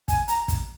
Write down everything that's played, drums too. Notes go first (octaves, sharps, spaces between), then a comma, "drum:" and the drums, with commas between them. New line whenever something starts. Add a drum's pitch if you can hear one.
G#5, drum: kick, hi-hat
A#5, drum: hi-hat
drum: kick, hi-hat